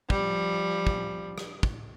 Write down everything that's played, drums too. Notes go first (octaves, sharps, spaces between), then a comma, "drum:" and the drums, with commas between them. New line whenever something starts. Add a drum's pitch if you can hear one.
F3 G3, drum: kick
drum: kick
drum: rim click
drum: kick